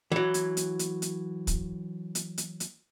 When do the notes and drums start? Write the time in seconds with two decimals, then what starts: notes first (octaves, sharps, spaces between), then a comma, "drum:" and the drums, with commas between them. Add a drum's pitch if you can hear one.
0.12 E3 F#3
0.34 drum: hi-hat
0.57 drum: hi-hat
0.79 drum: hi-hat
1.02 drum: hi-hat
1.47 drum: kick, hi-hat
2.15 drum: hi-hat
2.38 drum: hi-hat
2.60 drum: hi-hat